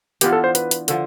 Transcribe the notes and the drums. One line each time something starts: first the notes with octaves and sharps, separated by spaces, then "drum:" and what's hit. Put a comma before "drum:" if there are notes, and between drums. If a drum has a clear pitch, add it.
E3 B3 D4 F4 G4, drum: hi-hat
A4
C5
B4, drum: hi-hat
drum: hi-hat
D3 F3, drum: hi-hat